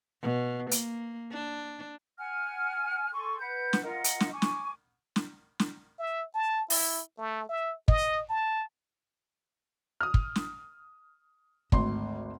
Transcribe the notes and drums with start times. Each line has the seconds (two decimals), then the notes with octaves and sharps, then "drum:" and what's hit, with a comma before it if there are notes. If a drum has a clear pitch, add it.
0.22 B2
0.71 A#3, drum: hi-hat
1.32 D4
2.18 F#5 G#5 F6
3.12 A4 G#5 C6 C#6
3.39 B4 F#5 G6
3.73 drum: snare
3.83 F4 A#4 D#5 F#5
4.04 drum: hi-hat
4.20 drum: snare
4.33 G#5 C#6 D6
4.42 drum: snare
5.16 drum: snare
5.59 drum: snare
5.99 E5
6.34 A5
6.70 E4, drum: open hi-hat
7.18 A3
7.49 E5
7.88 D#5, drum: kick
8.29 A5
10.01 D#6 F6
10.14 drum: kick
10.36 drum: snare
11.72 G#1 D2 C6, drum: kick